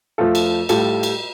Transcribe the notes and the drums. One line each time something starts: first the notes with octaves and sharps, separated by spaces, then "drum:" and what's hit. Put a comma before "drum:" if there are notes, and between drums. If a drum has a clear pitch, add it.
F2 F3 A3 F4 A4
drum: cymbal
A2 G3 F4 A4, drum: cymbal
drum: cymbal